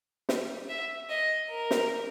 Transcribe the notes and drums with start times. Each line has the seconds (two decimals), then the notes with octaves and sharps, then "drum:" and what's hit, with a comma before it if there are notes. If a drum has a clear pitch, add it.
0.29 drum: snare
0.69 E5
1.10 D#5
1.50 A#4
1.71 drum: snare